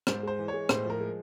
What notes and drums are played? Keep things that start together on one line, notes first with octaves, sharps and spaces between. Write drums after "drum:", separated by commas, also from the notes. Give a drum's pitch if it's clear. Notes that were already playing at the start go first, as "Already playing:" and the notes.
G#2 C5, drum: rim click
G#3 C5
E3
C#5
G#3
A2 C5, drum: rim click
F3 A#4
G#3